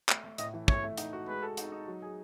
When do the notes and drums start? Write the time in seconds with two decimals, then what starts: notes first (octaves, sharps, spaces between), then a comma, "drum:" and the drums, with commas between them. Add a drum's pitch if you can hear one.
0.09 A3, drum: clap
0.24 A3
0.38 A2 D#5, drum: hi-hat
0.54 E3
0.68 A3 C#5, drum: kick
0.84 A3
0.98 D#4, drum: hi-hat
1.13 F#4
1.28 G#3 B4
1.42 A4
1.57 D#4, drum: hi-hat
1.72 D#4
1.87 F#3
2.02 G#4